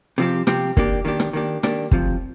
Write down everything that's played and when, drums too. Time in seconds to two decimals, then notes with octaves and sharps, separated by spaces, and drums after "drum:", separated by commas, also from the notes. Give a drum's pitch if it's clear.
0.18 C3 F3 C4 G4
0.47 C3 F3 C4 G4, drum: rim click
0.77 D#3 A#3 D4 G4, drum: kick
1.05 D#3 A#3 D4 G4
1.20 drum: rim click
1.33 D#3 A#3 D4 G4
1.63 D#3 A#3 D4 G4, drum: rim click
1.91 D2 C3 F3, drum: kick